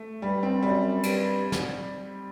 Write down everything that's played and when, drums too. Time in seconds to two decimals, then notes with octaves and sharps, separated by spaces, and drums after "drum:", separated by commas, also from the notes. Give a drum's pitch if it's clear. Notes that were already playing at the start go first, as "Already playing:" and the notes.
Already playing: A3
0.22 G2 G3
0.43 C4
0.63 F#2 G3
1.03 G2, drum: cymbal
1.52 drum: snare